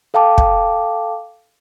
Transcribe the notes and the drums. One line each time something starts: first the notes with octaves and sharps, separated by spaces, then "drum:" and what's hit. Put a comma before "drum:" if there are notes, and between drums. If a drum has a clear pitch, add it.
A4 F5 G5 A5 D6
drum: kick